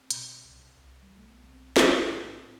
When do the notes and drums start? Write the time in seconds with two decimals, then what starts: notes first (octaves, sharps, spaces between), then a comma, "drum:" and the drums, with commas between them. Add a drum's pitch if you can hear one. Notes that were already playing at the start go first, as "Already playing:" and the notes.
Already playing: C4
0.10 B2, drum: hi-hat
0.44 C2
0.78 C2
1.03 G3
1.11 B1
1.17 A3
1.29 B3
1.43 B1 C4
1.76 B1 B3, drum: snare
2.10 A2 D4
2.20 C4
2.29 D4
2.43 C4